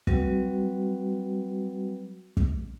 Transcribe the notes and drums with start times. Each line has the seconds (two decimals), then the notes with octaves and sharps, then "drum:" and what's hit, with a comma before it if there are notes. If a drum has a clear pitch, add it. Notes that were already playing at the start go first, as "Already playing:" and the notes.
0.07 F#3 G3 C4 F#4 B4, drum: kick
2.37 drum: kick